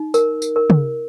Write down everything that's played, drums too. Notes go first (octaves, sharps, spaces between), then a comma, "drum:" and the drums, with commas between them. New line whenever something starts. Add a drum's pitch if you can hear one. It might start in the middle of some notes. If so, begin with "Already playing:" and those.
Already playing: D#4
A#4, drum: tambourine
drum: tambourine
A#4
drum: tom